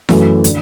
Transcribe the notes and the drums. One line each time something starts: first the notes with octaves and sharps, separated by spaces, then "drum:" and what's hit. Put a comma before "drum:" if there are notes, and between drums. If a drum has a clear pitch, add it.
F#2 E3 A3, drum: snare E4
D3, drum: hi-hat